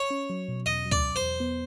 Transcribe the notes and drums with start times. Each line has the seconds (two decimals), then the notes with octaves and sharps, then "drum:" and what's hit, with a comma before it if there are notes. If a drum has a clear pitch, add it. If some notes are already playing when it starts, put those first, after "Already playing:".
Already playing: C#5
0.10 C#4
0.30 F#3
0.48 B2
0.66 E2 D#5
0.86 F#3
0.92 D5, drum: kick C#2
1.03 F#3
1.16 C5
1.22 E2
1.40 B3